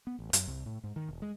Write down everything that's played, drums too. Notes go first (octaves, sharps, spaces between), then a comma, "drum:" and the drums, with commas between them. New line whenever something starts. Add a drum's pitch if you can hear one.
B3
A1
F#2, drum: hi-hat
C2
A2
G#2
D#3
E1
G#3